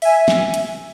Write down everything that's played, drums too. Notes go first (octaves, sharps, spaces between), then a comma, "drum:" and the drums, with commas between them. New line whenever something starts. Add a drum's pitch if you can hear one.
E5 G#5, drum: open hi-hat
drum: snare
drum: hi-hat